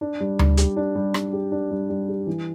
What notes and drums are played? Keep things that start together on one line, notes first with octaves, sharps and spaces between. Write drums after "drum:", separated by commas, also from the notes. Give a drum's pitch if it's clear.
D4
G3
G3, drum: tom D2
G4, drum: hi-hat
D4
G3
G3, drum: rim click
G4
D4
G3
G3
G4
E3